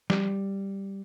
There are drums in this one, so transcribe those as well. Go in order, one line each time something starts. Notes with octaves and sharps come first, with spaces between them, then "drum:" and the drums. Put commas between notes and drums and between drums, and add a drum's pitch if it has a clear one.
G3, drum: snare